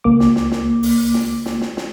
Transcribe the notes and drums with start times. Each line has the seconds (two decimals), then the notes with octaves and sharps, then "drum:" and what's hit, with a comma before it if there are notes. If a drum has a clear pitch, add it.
0.04 C#2 A#3 D6
0.20 drum: snare
0.36 drum: snare
0.51 drum: snare
0.83 drum: open hi-hat
1.14 drum: snare
1.46 drum: snare
1.61 drum: snare
1.77 drum: snare